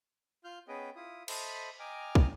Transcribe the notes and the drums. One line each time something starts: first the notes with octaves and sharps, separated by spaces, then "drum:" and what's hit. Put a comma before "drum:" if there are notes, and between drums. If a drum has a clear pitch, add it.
F4 F6 G6
B3 C#4 G#4 B4 D#5 G5
E4 F4 D#6
A4 C5 D#5 E5 B5, drum: cymbal
D#5 G5 G#5 A#5 D6 F6
drum: kick